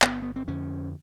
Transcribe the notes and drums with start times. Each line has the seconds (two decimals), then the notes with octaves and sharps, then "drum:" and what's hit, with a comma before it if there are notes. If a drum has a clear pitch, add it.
0.02 G1 B3, drum: clap
0.22 B3
0.36 C4
0.48 F2 D3 C#4